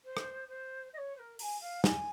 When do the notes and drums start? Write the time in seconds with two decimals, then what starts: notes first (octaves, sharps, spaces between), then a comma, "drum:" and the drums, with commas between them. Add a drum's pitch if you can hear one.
0.05 C5
0.17 drum: rim click
0.49 C5
0.93 D#5
0.98 C#5
1.16 C5
1.19 A#4
1.39 A#5, drum: open hi-hat
1.42 G#5
1.61 F5
1.84 G#5, drum: snare